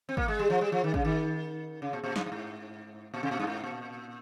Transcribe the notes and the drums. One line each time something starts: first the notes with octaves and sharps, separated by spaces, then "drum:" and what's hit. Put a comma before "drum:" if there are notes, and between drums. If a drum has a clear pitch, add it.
C4
A#3, drum: kick
G#3
G3
F3
G3
F3
D#3
C#3, drum: kick
D#3
C#3
A#2
A#2
G2, drum: snare
G2
G#2
A#2
C3
A#2
G2
G#2
A#2